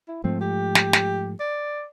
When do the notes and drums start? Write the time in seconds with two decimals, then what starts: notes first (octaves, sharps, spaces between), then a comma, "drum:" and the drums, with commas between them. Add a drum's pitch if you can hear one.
0.09 E4
0.24 G#2 F3 A3 C4
0.41 G4
0.75 drum: snare
0.93 drum: snare
1.40 D5